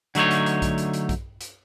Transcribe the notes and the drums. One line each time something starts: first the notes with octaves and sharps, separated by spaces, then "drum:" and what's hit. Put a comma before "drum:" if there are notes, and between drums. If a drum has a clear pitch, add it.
D3 F#3 A3 D#4 C#5, drum: hi-hat
drum: hi-hat
drum: hi-hat
drum: kick A#1, hi-hat
drum: hi-hat
drum: hi-hat
drum: kick A#1, hi-hat
drum: hi-hat